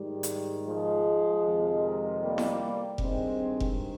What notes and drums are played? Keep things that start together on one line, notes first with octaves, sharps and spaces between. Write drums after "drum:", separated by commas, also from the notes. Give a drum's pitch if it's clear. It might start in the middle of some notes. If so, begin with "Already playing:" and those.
Already playing: G#2 D#3 G3
drum: hi-hat
F3 G#3
F2 C3 D#3
G3 A#3
drum: snare E4
G2 D#3 G#3 C4, drum: kick F1
drum: kick F1